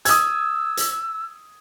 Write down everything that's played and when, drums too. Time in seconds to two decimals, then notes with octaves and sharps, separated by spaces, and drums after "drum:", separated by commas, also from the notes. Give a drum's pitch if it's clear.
0.05 D#6 E6 G#6, drum: hi-hat
0.77 drum: hi-hat